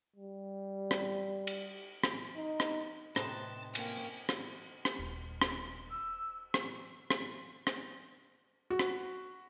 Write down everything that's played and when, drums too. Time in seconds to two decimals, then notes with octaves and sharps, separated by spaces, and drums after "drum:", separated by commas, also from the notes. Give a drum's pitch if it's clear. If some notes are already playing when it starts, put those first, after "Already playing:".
0.16 G3
0.91 drum: rim click
1.47 drum: cymbal
2.04 drum: rim click
2.36 D#4
2.60 drum: rim click
3.16 A2 C3 D#4 B4 C5 A5, drum: rim click
3.75 A#3 C#4 G5, drum: cymbal
4.29 drum: rim click
4.85 drum: rim click
4.99 D#1
5.42 drum: rim click
5.90 E6
6.54 drum: rim click
7.10 drum: rim click
7.67 drum: rim click
8.70 F#4
8.79 drum: rim click